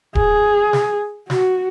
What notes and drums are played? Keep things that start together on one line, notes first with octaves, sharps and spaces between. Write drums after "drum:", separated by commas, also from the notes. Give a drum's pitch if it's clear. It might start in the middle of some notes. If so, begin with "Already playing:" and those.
G#4, drum: kick D1
drum: snare
F#4, drum: snare